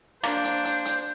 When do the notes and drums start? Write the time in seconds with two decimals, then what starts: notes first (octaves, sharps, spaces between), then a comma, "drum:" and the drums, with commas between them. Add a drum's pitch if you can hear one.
0.23 A#3 D4 C5, drum: rim click
0.44 drum: hi-hat
0.65 drum: hi-hat
0.85 drum: hi-hat